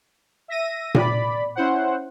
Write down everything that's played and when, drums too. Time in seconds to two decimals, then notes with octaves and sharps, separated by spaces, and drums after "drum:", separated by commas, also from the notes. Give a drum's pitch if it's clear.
0.48 E5 A#6 D#7
0.95 D5 B5, drum: tom A#2
1.55 C#4 E4 C5 F#5